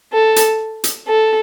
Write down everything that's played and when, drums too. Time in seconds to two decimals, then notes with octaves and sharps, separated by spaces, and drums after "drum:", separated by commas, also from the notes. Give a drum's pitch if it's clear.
0.13 A4
0.36 drum: hi-hat
0.84 drum: hi-hat
1.07 A4